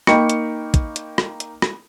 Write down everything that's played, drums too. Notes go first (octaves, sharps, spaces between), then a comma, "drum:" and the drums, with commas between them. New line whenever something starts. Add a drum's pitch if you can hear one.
A#3 D#4 G5 B5 C#6 C#7, drum: rim click
drum: hi-hat
drum: kick, hi-hat
drum: hi-hat
drum: rim click
drum: hi-hat
drum: rim click